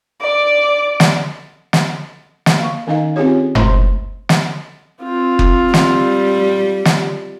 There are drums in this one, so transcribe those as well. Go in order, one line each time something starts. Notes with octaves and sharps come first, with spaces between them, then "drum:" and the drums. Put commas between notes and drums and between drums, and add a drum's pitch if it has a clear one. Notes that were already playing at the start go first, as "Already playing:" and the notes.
D5 D6
drum: snare
drum: snare
drum: snare
A#3 C#6
D#3 C#4 D#4 D#5 F5
C4 C#4 F4 G4 G#4 C#5
G#3 A3 E4 C5 A#5 C6, drum: tom F#1
drum: snare
C4 F4
drum: kick F#1
G3, drum: snare
drum: snare